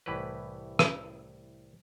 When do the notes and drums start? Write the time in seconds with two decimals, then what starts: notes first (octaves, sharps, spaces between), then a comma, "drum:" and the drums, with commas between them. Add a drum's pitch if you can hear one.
0.06 C2 A2 E3 G4 B4
0.79 drum: rim click